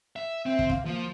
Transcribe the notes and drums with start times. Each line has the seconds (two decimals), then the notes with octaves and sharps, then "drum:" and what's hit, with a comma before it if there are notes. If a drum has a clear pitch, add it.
0.16 E5
0.46 C4 E5
0.59 drum: kick
0.70 F5, drum: kick
0.86 F3 A#3